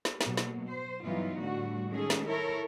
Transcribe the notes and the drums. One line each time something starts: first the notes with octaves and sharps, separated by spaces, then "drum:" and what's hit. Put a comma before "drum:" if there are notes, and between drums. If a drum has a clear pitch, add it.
drum: snare
B2 F#3 A#3, drum: snare
drum: snare
C5
G2 E3 F#3 B3 D#4 F4
A2 D3 G3 F#4
D#3 G#3 C#4 G#4 A4
drum: snare
E4 A4 A#4 C#5